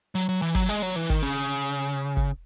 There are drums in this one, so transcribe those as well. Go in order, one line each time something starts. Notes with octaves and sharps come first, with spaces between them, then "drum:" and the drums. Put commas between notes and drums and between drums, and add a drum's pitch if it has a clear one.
F#3
F#3
E3
F#3, drum: kick G1
G#3
F#3
E3
D#3, drum: kick G1
C#3
drum: kick G1